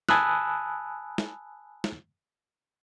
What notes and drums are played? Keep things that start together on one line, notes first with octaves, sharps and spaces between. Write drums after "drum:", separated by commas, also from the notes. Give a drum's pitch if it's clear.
G#5 A5 B5 D#6 E6 F#6, drum: snare
drum: snare
drum: snare